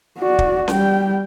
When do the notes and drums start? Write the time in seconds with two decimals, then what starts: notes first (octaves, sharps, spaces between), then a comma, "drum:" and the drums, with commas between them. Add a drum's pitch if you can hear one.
0.19 F#4 D5
0.39 drum: kick
0.68 G3 G5, drum: snare C#4